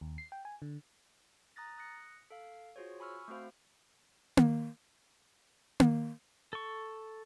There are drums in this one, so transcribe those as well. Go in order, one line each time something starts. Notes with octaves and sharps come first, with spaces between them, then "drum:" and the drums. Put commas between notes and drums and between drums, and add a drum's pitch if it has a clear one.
D#2
C7
G5
G#5
D3
A#5 D#6 F#6 A6 A#6
D#6 F#6 A#6 C#7
A4 F5
F4 F#4 G#4 C5 C#5
G#5 B5 C#6 E6 F6
A3 C4 F#4 C5 F5
drum: tom A#3
drum: tom A#3
A4 C#6